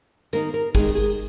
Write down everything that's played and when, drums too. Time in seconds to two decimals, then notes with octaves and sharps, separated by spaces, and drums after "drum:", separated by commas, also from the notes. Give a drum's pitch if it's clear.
0.33 D#3 A#3 D#4 A#4, drum: hi-hat
0.54 A#4
0.75 D#3 G#3 D#4 G#4, drum: kick G1, open hi-hat
0.95 G#4